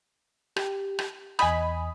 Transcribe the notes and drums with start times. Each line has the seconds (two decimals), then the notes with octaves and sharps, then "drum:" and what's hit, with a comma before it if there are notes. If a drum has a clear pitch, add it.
0.56 G4, drum: rim click
0.99 drum: rim click
1.39 E2 D#5 G#5 B5 D#6, drum: rim click